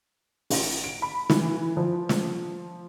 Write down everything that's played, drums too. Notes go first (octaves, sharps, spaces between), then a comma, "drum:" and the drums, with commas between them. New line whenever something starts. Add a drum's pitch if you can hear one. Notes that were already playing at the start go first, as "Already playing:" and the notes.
A1, drum: open hi-hat
D7
B5
E3, drum: snare
F3
drum: snare